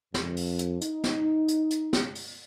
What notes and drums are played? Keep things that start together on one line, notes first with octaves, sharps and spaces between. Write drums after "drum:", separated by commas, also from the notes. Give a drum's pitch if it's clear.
F2, drum: snare
drum: open hi-hat
drum: hi-hat
D#4, drum: hi-hat
drum: snare
drum: hi-hat
drum: hi-hat
drum: snare
drum: open hi-hat